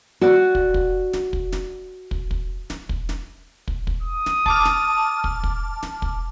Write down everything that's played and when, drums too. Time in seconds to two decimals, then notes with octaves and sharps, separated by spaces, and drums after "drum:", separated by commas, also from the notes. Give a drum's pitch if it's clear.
0.21 F#4 D5
0.55 drum: kick
0.74 drum: kick
1.13 drum: snare
1.33 drum: kick
1.52 drum: snare
2.11 drum: kick
2.31 drum: kick
2.70 drum: snare
2.89 drum: kick
3.09 drum: snare
3.68 drum: kick
3.87 drum: kick
4.03 D#6
4.26 drum: snare
4.46 A5 D6 F6, drum: kick
4.65 drum: snare
5.24 drum: kick
5.44 drum: kick
5.83 drum: snare
6.02 drum: kick